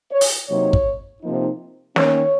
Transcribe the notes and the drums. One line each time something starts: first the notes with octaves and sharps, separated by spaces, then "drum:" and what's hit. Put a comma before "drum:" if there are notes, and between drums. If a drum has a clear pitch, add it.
C#5
drum: open hi-hat
C3 F#3 A#3 D#4 C#5
drum: kick
C3 F3 A#3 D#4
D#3 A#3 C#4 C#5, drum: snare